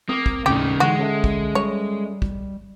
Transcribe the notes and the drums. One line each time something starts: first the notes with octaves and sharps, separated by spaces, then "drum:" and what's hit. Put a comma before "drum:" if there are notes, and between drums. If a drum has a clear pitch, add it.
A#3 C4 D6 D#6
drum: kick
D#2 A2 C#3 D#4 G4
D3 E3 G#3 D#4 F#4
C#4 A4 E5
drum: kick
G3 C#5
drum: kick